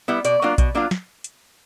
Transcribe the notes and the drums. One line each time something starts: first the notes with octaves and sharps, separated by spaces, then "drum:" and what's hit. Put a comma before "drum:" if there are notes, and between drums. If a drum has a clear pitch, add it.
G3 B3 E4
B2 D5, drum: hi-hat
F#3 A#3 D4 F4
B2, drum: kick A#1, hi-hat
F#3 A#3 D4 F4
drum: snare
drum: hi-hat